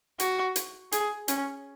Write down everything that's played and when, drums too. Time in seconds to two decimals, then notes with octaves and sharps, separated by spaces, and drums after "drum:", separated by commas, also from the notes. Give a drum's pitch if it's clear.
0.20 F#4, drum: hi-hat
0.56 drum: hi-hat
0.92 G#4, drum: hi-hat
1.28 C#4, drum: hi-hat